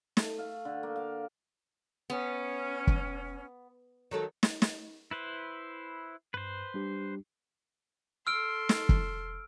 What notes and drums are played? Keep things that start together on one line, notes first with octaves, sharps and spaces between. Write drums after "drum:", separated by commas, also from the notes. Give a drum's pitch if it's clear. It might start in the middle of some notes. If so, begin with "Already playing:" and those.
A3, drum: snare
F5
D3
A#3
F5
B3 C#4
drum: kick
D#3 F#3 A4
drum: snare
drum: snare
E4 B4 C5
G2 B4 C5
G3 D4 G4
A4 C6 E6 F6 D7
drum: snare
drum: kick